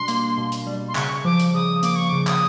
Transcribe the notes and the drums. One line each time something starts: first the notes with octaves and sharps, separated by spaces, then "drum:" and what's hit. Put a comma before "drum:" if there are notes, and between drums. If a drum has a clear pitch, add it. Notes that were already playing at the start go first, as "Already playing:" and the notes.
Already playing: B2 G3 D4 C6
A#3, drum: hi-hat
B2
drum: hi-hat
G3
C6
C#3 C#6, drum: clap
F3 D6
drum: hi-hat
C#3 D#6
A#3 D6, drum: hi-hat
C#6
C#3 D6
D#6, drum: clap